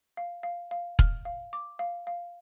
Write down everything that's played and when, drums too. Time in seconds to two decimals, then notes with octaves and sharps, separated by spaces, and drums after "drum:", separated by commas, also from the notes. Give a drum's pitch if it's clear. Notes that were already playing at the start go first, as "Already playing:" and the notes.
0.17 F5
0.43 F5
0.71 F5
0.99 F6, drum: kick E1
1.25 F5
1.53 D6
1.79 F5
2.07 F5